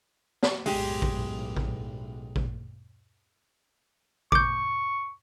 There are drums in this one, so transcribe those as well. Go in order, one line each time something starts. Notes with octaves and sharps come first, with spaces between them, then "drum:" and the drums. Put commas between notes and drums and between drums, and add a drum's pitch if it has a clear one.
drum: snare
B1 F#2 A2 G#3 G4, drum: open hi-hat
drum: kick A1
drum: kick A1
drum: kick A1
C#6 D6 G6, drum: kick A1